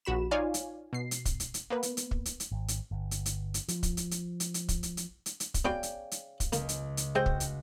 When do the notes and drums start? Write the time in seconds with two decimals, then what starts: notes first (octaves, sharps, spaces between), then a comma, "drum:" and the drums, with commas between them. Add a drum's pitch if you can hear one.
0.05 A#1 F#4 B5 E7
0.31 D#4 F4 C#5 D5 F5 G#5
0.54 drum: hi-hat
0.93 B2 C7
1.11 drum: hi-hat
1.25 drum: kick, hi-hat
1.40 drum: hi-hat
1.54 drum: hi-hat
1.70 A#3 B3 B4
1.83 drum: hi-hat
1.97 drum: hi-hat
2.11 drum: kick
2.25 drum: hi-hat
2.40 drum: hi-hat
2.52 G#1
2.68 drum: hi-hat
2.91 G1
3.11 drum: hi-hat
3.26 drum: hi-hat
3.54 drum: hi-hat
3.68 F3, drum: hi-hat
3.83 drum: kick, hi-hat
3.97 drum: hi-hat
4.11 drum: hi-hat
4.40 drum: hi-hat
4.54 drum: hi-hat
4.69 drum: kick, hi-hat
4.83 drum: hi-hat
4.97 drum: hi-hat
5.26 drum: hi-hat
5.40 drum: hi-hat
5.54 drum: kick, hi-hat
5.65 C#3 B3 F#4 D5 G5
5.83 drum: hi-hat
6.11 drum: hi-hat
6.40 drum: kick, hi-hat
6.52 C#2 A#3, drum: hi-hat
6.69 drum: hi-hat
6.97 drum: hi-hat
7.15 G#3 C4 F#4 G5
7.26 drum: kick
7.40 drum: hi-hat